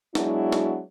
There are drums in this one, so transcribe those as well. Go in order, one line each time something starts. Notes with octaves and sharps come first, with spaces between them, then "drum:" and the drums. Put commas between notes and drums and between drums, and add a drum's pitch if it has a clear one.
F#3 G#3 B3 D4 E4 F#4, drum: snare
drum: snare